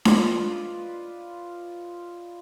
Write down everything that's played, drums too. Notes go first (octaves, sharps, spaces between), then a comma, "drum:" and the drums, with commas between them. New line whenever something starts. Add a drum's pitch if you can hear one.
F4 B4 D5 D#5, drum: snare D4